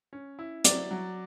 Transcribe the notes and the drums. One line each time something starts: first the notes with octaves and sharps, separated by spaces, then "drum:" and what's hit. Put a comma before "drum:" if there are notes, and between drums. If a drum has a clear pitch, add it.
C#4
E4
F#3 D5, drum: hi-hat
F#3